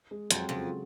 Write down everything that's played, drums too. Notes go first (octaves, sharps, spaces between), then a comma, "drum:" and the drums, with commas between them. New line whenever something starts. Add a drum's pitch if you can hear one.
G#3
F2 F#3, drum: hi-hat
F2 C#3